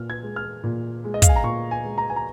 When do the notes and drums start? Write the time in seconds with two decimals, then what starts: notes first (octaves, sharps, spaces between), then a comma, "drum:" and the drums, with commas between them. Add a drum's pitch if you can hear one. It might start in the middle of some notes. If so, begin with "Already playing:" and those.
Already playing: A#2 F6
0.10 G#6
0.23 G#3
0.36 F6
0.64 A#2
1.04 G#3
1.14 D#5
1.22 F5, drum: kick, hi-hat
1.29 G#5
1.36 A#5
1.44 A#2 C#6
1.71 G#5
1.84 G#3
1.98 A#5
2.10 G#5
2.16 A#5